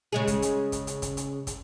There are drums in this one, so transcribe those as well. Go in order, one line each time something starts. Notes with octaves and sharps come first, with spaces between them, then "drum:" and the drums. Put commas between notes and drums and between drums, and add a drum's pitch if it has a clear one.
C#3 G#3 G#4
drum: kick, hi-hat
drum: hi-hat
drum: kick, hi-hat
drum: hi-hat
drum: kick, hi-hat
drum: hi-hat
drum: kick, hi-hat